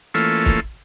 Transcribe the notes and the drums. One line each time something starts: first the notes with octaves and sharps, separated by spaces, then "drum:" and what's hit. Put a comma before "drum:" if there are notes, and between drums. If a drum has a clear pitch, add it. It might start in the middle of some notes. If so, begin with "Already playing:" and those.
E3 A3 A#3 C#4 F4 A4, drum: hi-hat
drum: kick, hi-hat